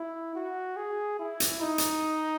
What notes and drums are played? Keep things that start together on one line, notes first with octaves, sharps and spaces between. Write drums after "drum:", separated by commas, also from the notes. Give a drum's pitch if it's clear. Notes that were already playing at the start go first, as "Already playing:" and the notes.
Already playing: E4
F#4
G#4
E4
drum: hi-hat
D#4
drum: hi-hat